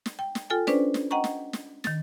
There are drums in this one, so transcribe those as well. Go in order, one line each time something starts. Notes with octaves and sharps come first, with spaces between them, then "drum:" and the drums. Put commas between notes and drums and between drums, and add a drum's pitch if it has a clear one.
drum: snare
G5
drum: snare
F4 A4 G5 G#5
C#4 D4 B4 C5 D5, drum: snare
drum: snare
D#5 F#5 G5 A#5 C#6
drum: snare
drum: snare
D#3 A6, drum: snare